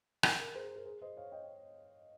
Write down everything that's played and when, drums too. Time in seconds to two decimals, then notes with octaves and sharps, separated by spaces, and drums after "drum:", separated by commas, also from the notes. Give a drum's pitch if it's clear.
0.23 A#4, drum: rim click
0.39 A#4
0.54 G#4 C5
0.65 A#4
0.76 A#4
0.85 G#4 C5
1.01 C5 D#5
1.17 C#5 F5
1.32 D#5 G5